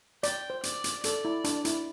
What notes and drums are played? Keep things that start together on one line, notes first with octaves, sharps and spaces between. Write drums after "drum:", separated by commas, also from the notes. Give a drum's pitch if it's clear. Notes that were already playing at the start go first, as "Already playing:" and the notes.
D5 G5, drum: hi-hat
C5
D5, drum: hi-hat
drum: hi-hat
A4 D5, drum: hi-hat
E4
D4, drum: hi-hat
E4, drum: hi-hat